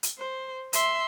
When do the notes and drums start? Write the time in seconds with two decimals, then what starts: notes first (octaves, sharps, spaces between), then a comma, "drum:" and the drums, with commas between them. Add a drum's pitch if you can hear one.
0.03 drum: hi-hat
0.18 C5
0.73 E5 C6, drum: hi-hat